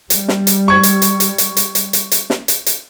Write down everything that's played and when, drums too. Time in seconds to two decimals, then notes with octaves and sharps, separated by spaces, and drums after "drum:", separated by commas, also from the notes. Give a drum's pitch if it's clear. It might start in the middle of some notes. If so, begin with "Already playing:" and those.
0.10 G3, drum: hi-hat
0.28 drum: snare
0.47 drum: hi-hat
0.68 C#6 G#6
0.83 drum: hi-hat
1.02 drum: hi-hat
1.20 drum: hi-hat
1.38 drum: hi-hat
1.57 drum: hi-hat
1.75 drum: hi-hat
1.93 drum: hi-hat
2.12 drum: hi-hat
2.30 drum: snare
2.48 drum: hi-hat
2.66 drum: hi-hat